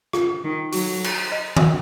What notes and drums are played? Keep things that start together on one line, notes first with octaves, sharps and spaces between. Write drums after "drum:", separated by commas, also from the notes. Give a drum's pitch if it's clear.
F4, drum: rim click
D#3
F#3 F#4, drum: open hi-hat
drum: cymbal
D#5
drum: tom D#3